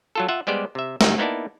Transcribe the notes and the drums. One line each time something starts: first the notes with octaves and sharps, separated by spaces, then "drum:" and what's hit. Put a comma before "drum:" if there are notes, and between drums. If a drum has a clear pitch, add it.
F#3 F4 A4
F4 E5 F#5
G3 G#3 B3 G4 C5 D5
C3 E5
G1 G3 D#4 E5, drum: snare
A#3 B3 D#4 E4 D5 A5